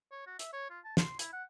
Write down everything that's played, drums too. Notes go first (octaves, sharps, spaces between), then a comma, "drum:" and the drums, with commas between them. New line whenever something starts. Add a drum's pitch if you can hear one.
C#5
F#4
E5, drum: hi-hat
C#5
F4
A5
C6, drum: snare
E4, drum: hi-hat
F#5